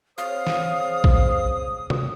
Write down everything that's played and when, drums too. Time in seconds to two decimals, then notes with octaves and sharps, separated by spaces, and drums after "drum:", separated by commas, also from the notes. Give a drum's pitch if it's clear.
0.18 C4 G#4 C5 C#5 F5 D#6
0.47 drum: snare
1.04 drum: kick A#1
1.90 drum: tom C3